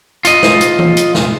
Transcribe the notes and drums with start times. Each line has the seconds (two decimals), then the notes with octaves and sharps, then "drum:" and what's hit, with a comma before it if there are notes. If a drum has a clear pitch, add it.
0.25 F4 D#5, drum: hi-hat
0.43 drum: snare
0.61 drum: hi-hat
0.79 drum: tom E3
0.97 drum: hi-hat
1.15 drum: snare